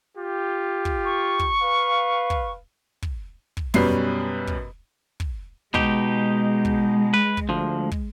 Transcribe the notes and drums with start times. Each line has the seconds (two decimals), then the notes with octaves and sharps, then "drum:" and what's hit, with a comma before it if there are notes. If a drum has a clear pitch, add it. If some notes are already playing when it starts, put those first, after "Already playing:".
0.17 F4 G4
0.85 drum: kick
1.05 C#6
1.39 drum: kick
1.61 B4 F5
2.30 drum: kick
3.02 drum: kick
3.57 drum: kick
3.74 F#2 B2 G3 C#4 B4 C7, drum: tom
4.47 drum: kick
5.20 drum: kick
5.74 B2 G#3 D#4 G4, drum: kick
6.65 drum: kick
7.14 B4
7.37 drum: kick
7.49 D2 F3
7.91 drum: kick